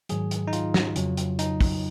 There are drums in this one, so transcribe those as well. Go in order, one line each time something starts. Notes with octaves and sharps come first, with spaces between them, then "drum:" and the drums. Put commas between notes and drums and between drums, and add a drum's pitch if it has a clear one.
G#2 D#3 F#3 G#4, drum: hi-hat
drum: hi-hat
D#4
F4, drum: hi-hat
drum: snare
F2 C#3 F#3, drum: hi-hat
drum: hi-hat
D#4, drum: hi-hat
drum: kick, open hi-hat